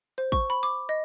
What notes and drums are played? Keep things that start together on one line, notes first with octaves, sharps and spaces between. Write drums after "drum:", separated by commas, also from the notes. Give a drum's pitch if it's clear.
C5
C#6, drum: kick
B5
D6
D#5